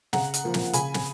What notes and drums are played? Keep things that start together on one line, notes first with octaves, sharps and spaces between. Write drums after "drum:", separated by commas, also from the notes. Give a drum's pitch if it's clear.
C#3 F#5 A#5, drum: snare
drum: hi-hat
F3 A#3
drum: snare
C#3 G#5 B5, drum: hi-hat
drum: snare